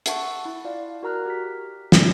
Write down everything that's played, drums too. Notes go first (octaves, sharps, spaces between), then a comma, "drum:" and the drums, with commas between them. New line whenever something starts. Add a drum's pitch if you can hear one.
E5 F#5 A5 C#6, drum: hi-hat
E4
F4 D5 F5
F#4 A#4 A#5 F6 F#6
G4 B6
drum: snare